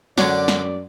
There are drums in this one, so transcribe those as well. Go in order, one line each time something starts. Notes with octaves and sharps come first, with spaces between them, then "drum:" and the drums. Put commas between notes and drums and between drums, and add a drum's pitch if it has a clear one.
F#2 D3 D4 F#4 C#5 D5, drum: snare
drum: snare